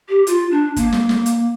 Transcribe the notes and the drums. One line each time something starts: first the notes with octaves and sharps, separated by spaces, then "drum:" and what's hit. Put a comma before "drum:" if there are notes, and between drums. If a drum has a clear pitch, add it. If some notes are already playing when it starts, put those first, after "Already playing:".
G4
F4, drum: hi-hat
D4
A#3, drum: kick, hi-hat
drum: snare
drum: snare
drum: hi-hat